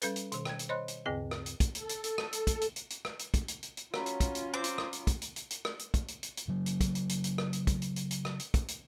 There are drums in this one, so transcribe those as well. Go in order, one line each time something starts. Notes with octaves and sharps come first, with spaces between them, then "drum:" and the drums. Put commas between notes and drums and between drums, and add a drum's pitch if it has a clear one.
G3 C#4 A4 B4, drum: hi-hat
drum: hi-hat
B2 D#3, drum: hi-hat
G5 G#6, drum: rim click
drum: hi-hat
C5 C#5 D#5 B5 C6 F#6
drum: hi-hat
D2 G2 C#3 C4 G#4 G5
drum: rim click
drum: hi-hat
drum: kick, hi-hat
A4, drum: hi-hat
drum: hi-hat
drum: hi-hat
drum: rim click
drum: hi-hat
drum: kick, hi-hat
drum: hi-hat
drum: hi-hat
drum: hi-hat
drum: rim click
drum: hi-hat
drum: kick, hi-hat
drum: hi-hat
drum: hi-hat
drum: hi-hat
F#3 C#4 F4 B5 C6, drum: rim click
drum: hi-hat
drum: kick, hi-hat
drum: hi-hat
C4 D6
drum: hi-hat
drum: rim click
drum: hi-hat
drum: kick, hi-hat
drum: hi-hat
drum: hi-hat
drum: hi-hat
drum: rim click
drum: hi-hat
drum: kick, hi-hat
drum: hi-hat
drum: hi-hat
drum: hi-hat
C#3 F#3
drum: hi-hat
drum: kick, hi-hat
drum: hi-hat
drum: hi-hat
drum: hi-hat
drum: rim click
drum: hi-hat
drum: kick, hi-hat
drum: hi-hat
drum: hi-hat
drum: hi-hat
drum: rim click
drum: hi-hat
drum: kick, hi-hat
drum: hi-hat